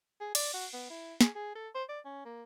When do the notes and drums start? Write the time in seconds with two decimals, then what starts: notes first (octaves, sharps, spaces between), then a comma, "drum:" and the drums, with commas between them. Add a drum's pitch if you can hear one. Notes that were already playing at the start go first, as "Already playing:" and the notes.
0.21 G#4
0.35 D5, drum: cymbal
0.54 F#4
0.73 B3
0.90 E4
1.21 G#4, drum: snare
1.35 G#4
1.55 A4
1.75 C5
1.89 D5
2.05 C#4
2.25 A#3